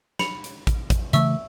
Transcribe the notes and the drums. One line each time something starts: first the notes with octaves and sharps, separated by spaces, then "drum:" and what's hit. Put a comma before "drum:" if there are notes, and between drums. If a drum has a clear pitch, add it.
B5 C#7 F7, drum: snare
drum: hi-hat
drum: kick, hi-hat
drum: kick, hi-hat
C#3 E3 A3 E5 C#6 E6, drum: hi-hat